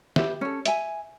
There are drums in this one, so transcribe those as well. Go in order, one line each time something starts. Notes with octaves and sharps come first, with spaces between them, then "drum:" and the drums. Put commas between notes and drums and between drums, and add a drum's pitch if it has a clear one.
G4 B4 E5, drum: snare
C#4 A4
E5 G#5, drum: hi-hat